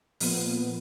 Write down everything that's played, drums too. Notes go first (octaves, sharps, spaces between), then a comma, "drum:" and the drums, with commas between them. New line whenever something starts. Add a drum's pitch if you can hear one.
A#2 F3 B3, drum: open hi-hat